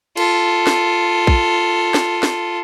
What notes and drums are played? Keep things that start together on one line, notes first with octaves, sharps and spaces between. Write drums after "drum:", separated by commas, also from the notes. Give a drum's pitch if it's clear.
F4 A4, drum: cymbal
drum: snare
drum: kick
drum: snare
drum: snare